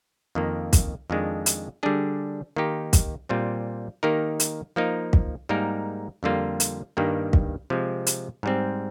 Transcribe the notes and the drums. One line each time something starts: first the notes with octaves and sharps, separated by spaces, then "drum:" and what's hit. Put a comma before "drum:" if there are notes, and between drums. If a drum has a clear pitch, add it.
F2 D#3 A#3
drum: kick, hi-hat
F2 D#3 G#3 D4
drum: hi-hat
D3 G3 D4 G#4
D#3 A#3 D#4 G4
drum: kick, hi-hat
A#2 G3 C4 F4
D#3 A#3 D#4 G4 A#4
drum: hi-hat
F3 A#3 D#4 A#4
drum: kick
G#2 G3 A#3 D#4 A#4
F2 D3 G3 A#3 F4
drum: hi-hat
G2 D#3 G3 A#3
drum: kick
C3 F3 G#3
drum: hi-hat
G#2 G3 C4